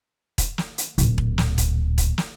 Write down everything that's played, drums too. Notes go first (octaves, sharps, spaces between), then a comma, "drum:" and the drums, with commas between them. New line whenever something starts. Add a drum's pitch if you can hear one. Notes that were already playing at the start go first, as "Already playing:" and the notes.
drum: kick E1, hi-hat
drum: snare
drum: hi-hat
D1 A#2, drum: hi-hat
drum: kick E1
drum: snare
drum: kick E1, hi-hat
drum: kick E1, hi-hat
drum: snare